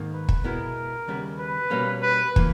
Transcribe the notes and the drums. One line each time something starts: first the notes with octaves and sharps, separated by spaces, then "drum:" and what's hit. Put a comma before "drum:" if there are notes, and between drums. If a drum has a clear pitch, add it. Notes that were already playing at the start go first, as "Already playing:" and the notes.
Already playing: G#2 D#3 A#3
B4
drum: kick
B2 G#3 B3 E4 A#4
D#2 C#3 G3 B3
B4
B2 G3 A#3 C#4
B4
E3 A#3, drum: kick